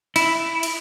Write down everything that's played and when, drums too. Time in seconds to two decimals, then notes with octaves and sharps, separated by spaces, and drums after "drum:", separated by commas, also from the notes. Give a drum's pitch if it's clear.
0.16 E4, drum: cymbal
0.63 drum: cymbal